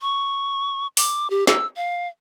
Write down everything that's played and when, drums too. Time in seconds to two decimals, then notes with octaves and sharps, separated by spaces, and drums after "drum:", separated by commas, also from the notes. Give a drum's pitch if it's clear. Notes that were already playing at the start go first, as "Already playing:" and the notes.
0.02 C#6
0.97 D6, drum: open hi-hat
1.30 G4
1.47 E6, drum: snare
1.76 F5